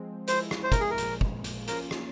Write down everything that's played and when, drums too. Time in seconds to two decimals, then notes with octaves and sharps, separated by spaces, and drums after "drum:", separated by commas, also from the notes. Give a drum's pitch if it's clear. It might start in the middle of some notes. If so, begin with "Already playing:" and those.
Already playing: F3 G#3 C4
0.28 F3 G#3 E4 C5, drum: hi-hat
0.51 drum: rim click
0.63 C5
0.72 A#4, drum: kick, hi-hat
0.81 G#4
0.91 A#4
0.98 A#2 F3 G#3, drum: hi-hat
1.21 drum: kick
1.44 drum: hi-hat
1.68 F3 A#3 C#4 F4 A#4, drum: hi-hat
1.91 drum: rim click